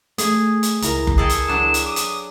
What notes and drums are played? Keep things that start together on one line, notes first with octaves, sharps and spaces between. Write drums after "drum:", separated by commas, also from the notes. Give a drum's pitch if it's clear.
A3 G#4, drum: hi-hat
drum: hi-hat
C#2 E4 A#4 A#5, drum: hi-hat
drum: kick F#1
G#4 A4 G5
drum: hi-hat
F#3 D4 E7
drum: hi-hat
D6 D#6
drum: hi-hat